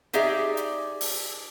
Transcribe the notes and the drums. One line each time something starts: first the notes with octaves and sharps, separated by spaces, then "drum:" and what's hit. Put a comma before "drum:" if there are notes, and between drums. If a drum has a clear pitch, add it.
D#4 G4 G#4 D5 E5, drum: hi-hat
drum: hi-hat
drum: open hi-hat